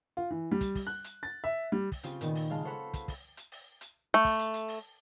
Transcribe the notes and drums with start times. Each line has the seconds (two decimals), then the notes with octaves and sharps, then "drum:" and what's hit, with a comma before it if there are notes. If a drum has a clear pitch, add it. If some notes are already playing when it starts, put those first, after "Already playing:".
0.17 F4
0.30 E3
0.52 G3
0.61 drum: kick, hi-hat
0.75 drum: kick, open hi-hat
0.87 F#6
1.04 drum: hi-hat
1.23 A6
1.44 E5
1.72 G3
1.92 drum: kick, open hi-hat
2.03 C#3 C4 C#4 F4 G4, drum: hi-hat
2.21 A#2 D#3 B3, drum: hi-hat
2.35 drum: open hi-hat
2.50 C#3 G#3 F5 A5
2.65 A4 C5 C#5 F5 F#5 B5
2.94 drum: kick, hi-hat
3.08 drum: kick, open hi-hat
3.37 drum: hi-hat
3.52 drum: open hi-hat
3.81 drum: hi-hat
4.14 A3
4.25 drum: kick, open hi-hat
4.39 drum: hi-hat
4.54 drum: hi-hat
4.68 drum: open hi-hat